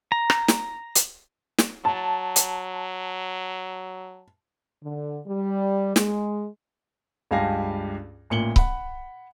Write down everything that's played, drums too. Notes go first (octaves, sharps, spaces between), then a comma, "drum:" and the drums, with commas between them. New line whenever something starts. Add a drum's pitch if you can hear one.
A#5
drum: rim click
drum: snare
drum: hi-hat
drum: snare
F#3 A5
drum: hi-hat
D3
G3
G#3, drum: snare
C#2 G2 G4 F5 G#5 A#6
A1 A#2 C#7 F#7 G7
F#5 B5, drum: kick C#1